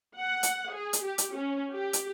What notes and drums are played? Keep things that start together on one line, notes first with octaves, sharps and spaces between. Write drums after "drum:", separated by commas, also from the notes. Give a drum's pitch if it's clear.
F#5
drum: hi-hat
G#4
drum: hi-hat
G4
drum: hi-hat
C#4
G4
drum: hi-hat